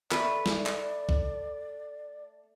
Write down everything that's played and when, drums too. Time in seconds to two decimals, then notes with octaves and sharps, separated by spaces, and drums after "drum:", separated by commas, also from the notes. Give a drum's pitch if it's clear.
0.11 A3 B4 D5, drum: clap
0.46 drum: snare
0.66 drum: clap
1.09 drum: kick B1